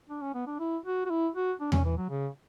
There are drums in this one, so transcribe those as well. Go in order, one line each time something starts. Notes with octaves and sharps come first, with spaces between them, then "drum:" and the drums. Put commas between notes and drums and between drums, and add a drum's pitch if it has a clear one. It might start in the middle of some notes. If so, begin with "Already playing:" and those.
D4
C#4
B3
D4
E4
F#4
F#4
E4
F#4
D4
C#4, drum: tom E2
E3
F#3
C#3